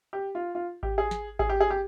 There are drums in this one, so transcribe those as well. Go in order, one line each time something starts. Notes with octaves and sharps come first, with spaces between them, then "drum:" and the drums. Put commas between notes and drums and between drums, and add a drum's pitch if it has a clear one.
G4
F4
F4
G4, drum: kick G#1
G#4
drum: snare
G#4, drum: kick G#1
G4
G#4
G4